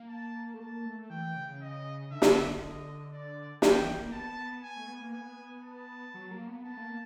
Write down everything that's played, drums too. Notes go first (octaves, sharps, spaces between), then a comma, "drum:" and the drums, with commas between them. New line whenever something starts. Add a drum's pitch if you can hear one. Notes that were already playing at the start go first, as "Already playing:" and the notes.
Already playing: A#3
A5
A3
A#3 A5
A3
E3 G5
C#3
D#5
D3 E5
drum: snare
D#5
D5
D#3 G5, drum: snare
E3
A#3
B3 A5
B3
G#5
A3
B3
A#3
B3 G#5
A5
F#3
A#3
B3
B3 A5
A3
A#3